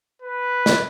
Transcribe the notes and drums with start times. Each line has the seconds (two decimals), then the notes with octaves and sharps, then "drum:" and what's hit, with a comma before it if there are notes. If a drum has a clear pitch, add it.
0.22 B4
0.66 drum: snare